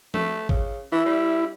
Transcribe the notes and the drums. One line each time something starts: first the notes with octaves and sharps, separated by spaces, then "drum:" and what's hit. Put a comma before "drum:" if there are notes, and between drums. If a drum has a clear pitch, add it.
A3, drum: tom F3
C#3, drum: kick G#1
E3 E4
G3